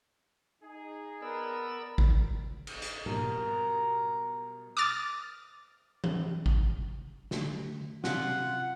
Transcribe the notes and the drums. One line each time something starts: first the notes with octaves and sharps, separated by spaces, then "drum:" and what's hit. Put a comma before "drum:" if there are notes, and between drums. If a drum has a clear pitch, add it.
D#4 G#4
B3 A#4 D5 E6
drum: kick G#1
drum: cymbal
drum: hi-hat
B2 G3 F#4 A#4, drum: tom G#2
D6 D#6 F6 A6
drum: tom E3
drum: kick G#1
D3 A3, drum: snare
C3 C4 F4 F#5, drum: snare